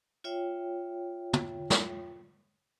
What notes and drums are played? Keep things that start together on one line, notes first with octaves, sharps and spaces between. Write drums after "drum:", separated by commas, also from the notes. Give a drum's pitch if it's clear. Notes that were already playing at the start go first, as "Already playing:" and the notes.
F4 C#5 E5 G5
drum: tom
drum: snare